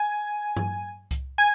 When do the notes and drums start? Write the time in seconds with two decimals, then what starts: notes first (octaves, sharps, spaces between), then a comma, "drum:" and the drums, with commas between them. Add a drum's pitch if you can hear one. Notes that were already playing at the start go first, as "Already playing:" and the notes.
Already playing: G#5
0.56 drum: tom G2
1.11 drum: kick C2, hi-hat
1.38 G#5